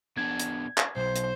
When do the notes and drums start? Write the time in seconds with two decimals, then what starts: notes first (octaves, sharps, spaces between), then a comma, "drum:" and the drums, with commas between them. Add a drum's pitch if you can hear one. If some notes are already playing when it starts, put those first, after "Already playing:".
0.17 B2 D4 G#6
0.39 drum: hi-hat
0.78 drum: clap
0.97 B1 C5
1.16 drum: hi-hat